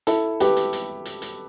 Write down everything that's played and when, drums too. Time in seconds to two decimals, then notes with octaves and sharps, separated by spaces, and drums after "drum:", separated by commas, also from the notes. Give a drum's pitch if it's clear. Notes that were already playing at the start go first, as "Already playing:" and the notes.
0.07 E4 A4, drum: hi-hat
0.40 G4 B4, drum: hi-hat
0.56 drum: hi-hat
0.73 drum: hi-hat
1.05 drum: hi-hat
1.22 drum: hi-hat